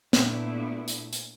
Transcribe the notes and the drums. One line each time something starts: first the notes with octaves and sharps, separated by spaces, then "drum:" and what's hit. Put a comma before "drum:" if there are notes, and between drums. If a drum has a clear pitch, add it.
A#2 A3 B3 D4 E4, drum: snare
drum: hi-hat
drum: hi-hat